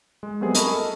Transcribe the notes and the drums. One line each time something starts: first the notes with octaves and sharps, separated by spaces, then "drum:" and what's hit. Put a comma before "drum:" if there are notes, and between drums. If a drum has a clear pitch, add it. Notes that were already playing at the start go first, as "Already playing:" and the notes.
G#3
F#3 G3 A3 B3 C4 G#4
A#4 D#5 G#5 A5 B5 C#6, drum: hi-hat
A4